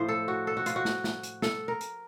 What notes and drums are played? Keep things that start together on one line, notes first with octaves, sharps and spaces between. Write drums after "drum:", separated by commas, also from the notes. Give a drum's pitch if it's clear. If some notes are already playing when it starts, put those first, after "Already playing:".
Already playing: A2 F3 C5
A4
F#4
A4
F#4
F4, drum: hi-hat
F#4
drum: snare
drum: snare
drum: hi-hat
A4, drum: snare
A#4
drum: hi-hat